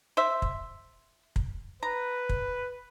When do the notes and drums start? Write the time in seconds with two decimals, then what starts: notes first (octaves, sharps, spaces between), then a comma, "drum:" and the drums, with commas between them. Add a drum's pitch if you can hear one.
0.17 C5 E5
0.42 drum: kick
1.36 drum: kick
1.83 B4 A#5
2.29 drum: kick